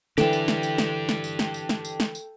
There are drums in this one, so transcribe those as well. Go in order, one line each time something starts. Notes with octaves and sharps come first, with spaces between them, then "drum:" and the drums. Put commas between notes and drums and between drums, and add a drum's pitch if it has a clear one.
D3 E3 D4 G4 A4 G5, drum: snare
drum: tambourine
drum: snare
drum: tambourine
drum: snare
drum: snare
drum: tambourine
drum: snare
drum: tambourine
drum: snare
drum: tambourine
drum: snare
drum: tambourine